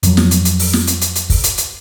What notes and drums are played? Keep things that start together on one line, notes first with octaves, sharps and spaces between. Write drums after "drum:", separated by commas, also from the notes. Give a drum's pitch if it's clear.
F2 F3 F#3, drum: hi-hat
drum: snare
drum: hi-hat
drum: hi-hat
drum: open hi-hat
drum: snare
drum: hi-hat
drum: hi-hat
drum: hi-hat
drum: kick, open hi-hat
drum: hi-hat
drum: hi-hat